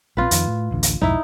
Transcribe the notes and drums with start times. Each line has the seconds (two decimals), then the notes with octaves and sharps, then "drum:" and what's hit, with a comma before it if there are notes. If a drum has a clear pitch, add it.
0.17 A#1 C4 F4 B4
0.31 F2 D#3, drum: hi-hat
0.47 A2
0.71 D1 A1 D3
0.83 drum: hi-hat
1.02 B1 F2 G#2 D#4 E4